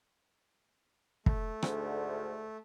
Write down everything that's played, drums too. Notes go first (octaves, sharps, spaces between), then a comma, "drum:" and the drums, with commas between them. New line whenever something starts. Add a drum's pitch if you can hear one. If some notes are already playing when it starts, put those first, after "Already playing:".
A3, drum: kick
D2 G#2 D3, drum: rim click